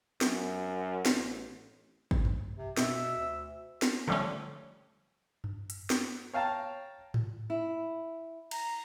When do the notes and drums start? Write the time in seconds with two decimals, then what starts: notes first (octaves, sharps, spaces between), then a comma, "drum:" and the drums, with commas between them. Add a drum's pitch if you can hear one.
0.21 F#2, drum: snare
1.06 A1, drum: snare
2.11 drum: kick
2.25 drum: tom F#2
2.57 C3
2.77 B2 E5, drum: snare
3.18 D2
3.82 drum: snare
4.08 D3 F3 G3 A3 C#4
5.44 drum: tom F#2
5.70 drum: hi-hat
5.90 drum: snare
6.34 C#5 F5 G5 A5 A#5
7.14 drum: tom G#2
7.50 E4
8.51 A#5, drum: cymbal